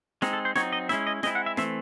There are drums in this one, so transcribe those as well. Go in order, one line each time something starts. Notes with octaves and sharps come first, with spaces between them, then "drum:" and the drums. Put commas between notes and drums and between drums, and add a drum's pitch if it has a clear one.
G#3 C4 D#4, drum: snare
A4
C5
F#3 C4 D#4 C#5, drum: snare
D#5
G#3 C#4 E4 E5, drum: snare
D#5
G#3 C4 E4 D#5, drum: snare
F#5
E5
E3 A3 C4 E5, drum: snare